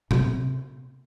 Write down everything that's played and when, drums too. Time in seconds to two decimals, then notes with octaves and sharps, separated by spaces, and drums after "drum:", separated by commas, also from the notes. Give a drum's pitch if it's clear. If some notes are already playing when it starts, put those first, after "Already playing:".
0.11 C3, drum: tom A#2